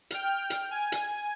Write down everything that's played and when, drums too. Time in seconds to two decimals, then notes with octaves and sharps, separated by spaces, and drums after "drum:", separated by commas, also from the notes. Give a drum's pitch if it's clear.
0.10 G5 F6, drum: hi-hat
0.50 drum: hi-hat
0.71 G#5
0.92 drum: hi-hat